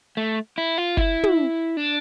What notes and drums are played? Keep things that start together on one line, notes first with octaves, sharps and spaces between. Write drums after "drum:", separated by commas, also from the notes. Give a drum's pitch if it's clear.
A3
E4
F4
E4, drum: kick F#1
drum: tom
D4